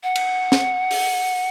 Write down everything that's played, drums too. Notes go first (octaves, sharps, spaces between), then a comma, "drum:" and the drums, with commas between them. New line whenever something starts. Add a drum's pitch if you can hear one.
F#5
drum: cymbal
drum: snare
drum: open hi-hat